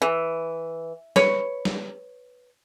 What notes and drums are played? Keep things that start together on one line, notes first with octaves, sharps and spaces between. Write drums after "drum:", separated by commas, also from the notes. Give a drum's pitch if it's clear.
E3
B4 C#5, drum: snare
drum: snare